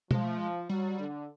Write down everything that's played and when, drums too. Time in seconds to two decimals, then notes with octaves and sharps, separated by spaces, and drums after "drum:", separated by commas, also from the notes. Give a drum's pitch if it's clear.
0.11 F3 G#3, drum: tom B2
0.24 A3
0.38 G#3
0.69 F#3 G3
0.99 D3